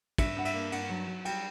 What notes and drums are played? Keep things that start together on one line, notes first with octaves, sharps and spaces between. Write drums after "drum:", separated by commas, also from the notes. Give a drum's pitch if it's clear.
G2 E5, drum: kick, cymbal
G2 F#5
E5, drum: cymbal
A#3
G2 F#5, drum: cymbal
F#3
F#3
G3 G5, drum: cymbal